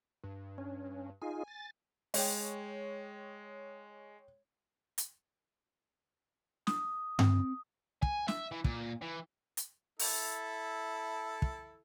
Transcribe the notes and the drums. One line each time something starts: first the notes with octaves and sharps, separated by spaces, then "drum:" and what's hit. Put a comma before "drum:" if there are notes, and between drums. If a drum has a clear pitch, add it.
G2
C#4
D#4 F4 G#4 G#5
A6
G#3 C#5 G5, drum: open hi-hat
drum: hi-hat
D#6, drum: snare
C4, drum: tom G2
G#5, drum: kick
E5, drum: snare
E3
A#2, drum: kick
E3
drum: hi-hat
E4 A4, drum: open hi-hat
drum: kick